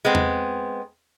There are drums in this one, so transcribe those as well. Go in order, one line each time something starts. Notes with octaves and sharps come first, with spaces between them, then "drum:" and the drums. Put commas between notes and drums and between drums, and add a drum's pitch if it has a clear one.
G#3 B3 C4
drum: tom E2